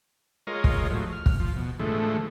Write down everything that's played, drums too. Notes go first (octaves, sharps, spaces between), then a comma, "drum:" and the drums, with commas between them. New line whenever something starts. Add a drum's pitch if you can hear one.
G#3 F4 A#4 C#5 D#5
drum: kick
A2 F3 F#3
F6
drum: kick
F3
B2
A2 D3 E3 F3 G#3 A3